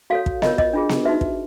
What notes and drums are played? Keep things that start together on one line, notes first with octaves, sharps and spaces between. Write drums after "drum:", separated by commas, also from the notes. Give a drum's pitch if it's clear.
F#4 A4 C#5 F5
drum: kick
F4 A#4 C#5 D#5, drum: snare B3
D#5, drum: kick
D4 F4 G#4
drum: snare B3
D#4 F#4 B4 E5
drum: kick